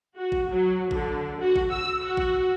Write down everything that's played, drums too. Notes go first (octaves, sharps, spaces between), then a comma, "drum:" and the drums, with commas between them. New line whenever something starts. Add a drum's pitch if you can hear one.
F#4
drum: kick
F#3
D3, drum: kick
F#4
drum: kick
E6
F#4
drum: kick